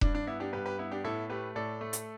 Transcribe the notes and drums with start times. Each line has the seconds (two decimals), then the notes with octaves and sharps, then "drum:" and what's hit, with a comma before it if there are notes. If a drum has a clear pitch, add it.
0.01 G2 D4, drum: kick E1
0.15 D4
0.27 B3 E4
0.40 D4 G4
0.53 G2 G4 B4
0.66 G4 B4
0.79 B3 E4
0.91 D4 G4
1.04 A2 E4 A4
1.30 A3 G4 B4
1.55 A2 A4 D5
1.81 A3
1.93 drum: hi-hat